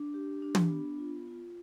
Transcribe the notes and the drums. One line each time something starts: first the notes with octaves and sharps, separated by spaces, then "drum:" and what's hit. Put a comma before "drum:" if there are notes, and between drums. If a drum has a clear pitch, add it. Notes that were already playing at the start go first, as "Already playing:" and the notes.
Already playing: D4
G4
D4
drum: tom
B3
F4
F4